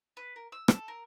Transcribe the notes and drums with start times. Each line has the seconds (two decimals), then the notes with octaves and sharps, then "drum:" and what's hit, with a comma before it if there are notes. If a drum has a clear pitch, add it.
0.17 B4
0.36 A#4
0.52 E6
0.68 A4, drum: rim click
0.88 A#4